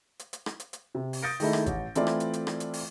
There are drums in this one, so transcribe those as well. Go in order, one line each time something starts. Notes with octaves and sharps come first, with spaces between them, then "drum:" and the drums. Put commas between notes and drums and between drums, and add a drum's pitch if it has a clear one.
drum: hi-hat
drum: hi-hat
drum: rim click
drum: hi-hat
drum: hi-hat
C3
drum: open hi-hat
D#6 G6 A6 A#6 C#7 D7
D#3 G#3 A3 D#4 E4, drum: open hi-hat
drum: rim click
A1, drum: kick G1, hi-hat
E3 A3 C4 E4 F4 D5, drum: hi-hat
drum: rim click
drum: hi-hat
drum: hi-hat
drum: rim click
drum: hi-hat
drum: open hi-hat